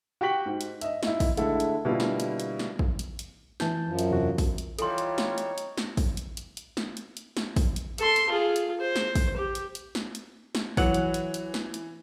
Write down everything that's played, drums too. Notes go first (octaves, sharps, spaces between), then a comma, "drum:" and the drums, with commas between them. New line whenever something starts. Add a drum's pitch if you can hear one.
F#4 G4 G5 C#6 B6 F#7
G#2
drum: hi-hat
D#5 E5, drum: hi-hat
D#4 E4, drum: snare
drum: kick, open hi-hat
D3 G#3 A3 E4 A4, drum: hi-hat
drum: hi-hat
B2 D3 G3 A#3 E4 F4
drum: snare
drum: hi-hat
drum: hi-hat
drum: snare
drum: kick
drum: hi-hat
drum: hi-hat
E3 A5 G6, drum: snare
F#2 F3
drum: hi-hat
E2 C3 F#4
drum: kick, open hi-hat
drum: hi-hat
E3 G3 D#4 F4 A4 C#5 C6, drum: hi-hat
drum: hi-hat
drum: snare
drum: hi-hat
drum: hi-hat
drum: snare
drum: kick, open hi-hat
drum: hi-hat
drum: hi-hat
drum: hi-hat
drum: snare
drum: hi-hat
drum: hi-hat
drum: snare
drum: kick, open hi-hat
drum: hi-hat
A4 C6, drum: hi-hat
drum: hi-hat
F4 G#4
drum: hi-hat
C5
drum: snare
drum: kick, open hi-hat
G4
drum: hi-hat
drum: hi-hat
drum: snare
drum: hi-hat
drum: snare
E3 F#3 F#5, drum: kick, open hi-hat
drum: hi-hat
drum: hi-hat
drum: hi-hat
drum: snare
drum: hi-hat